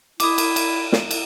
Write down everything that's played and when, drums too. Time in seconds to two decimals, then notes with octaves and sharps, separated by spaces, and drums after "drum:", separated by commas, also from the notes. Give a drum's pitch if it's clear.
0.20 E4 D6 D#6, drum: cymbal
0.38 drum: cymbal
0.56 drum: cymbal
0.92 drum: snare
1.11 drum: cymbal